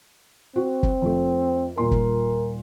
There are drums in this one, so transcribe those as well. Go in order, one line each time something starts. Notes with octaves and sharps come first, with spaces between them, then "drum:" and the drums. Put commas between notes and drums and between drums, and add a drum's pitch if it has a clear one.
C4 F#4
drum: kick
F2 A3
D#1 A#2 A#4 C6
drum: kick